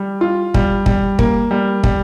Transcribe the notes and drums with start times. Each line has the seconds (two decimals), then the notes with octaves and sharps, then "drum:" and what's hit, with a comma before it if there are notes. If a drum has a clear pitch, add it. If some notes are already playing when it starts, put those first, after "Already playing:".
Already playing: G3
0.21 F4
0.54 G3, drum: kick
0.86 G3, drum: kick
1.19 A#3, drum: kick
1.51 G3
1.84 G3, drum: kick